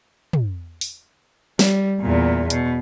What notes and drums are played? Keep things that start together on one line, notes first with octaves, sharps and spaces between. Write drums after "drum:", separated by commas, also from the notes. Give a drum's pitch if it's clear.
drum: tom
drum: open hi-hat
G3, drum: snare
E2 A#2
B2, drum: hi-hat